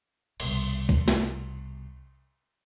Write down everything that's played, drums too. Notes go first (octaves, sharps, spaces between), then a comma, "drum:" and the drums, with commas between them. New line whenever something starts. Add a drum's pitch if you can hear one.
C2 B2, drum: cymbal
drum: kick
drum: snare